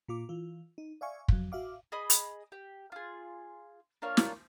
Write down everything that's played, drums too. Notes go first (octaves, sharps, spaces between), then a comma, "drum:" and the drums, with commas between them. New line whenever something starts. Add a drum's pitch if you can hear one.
A#2 F4 D6
E3 F4
D#4
D5 E5 F5 G#5 C#6
F2 F#3, drum: kick
F#4 E5 F5 D6
G#4 D#5 B5 D#6
drum: hi-hat
G4
F4 G#4
A#3 D4 F4 C#5
drum: snare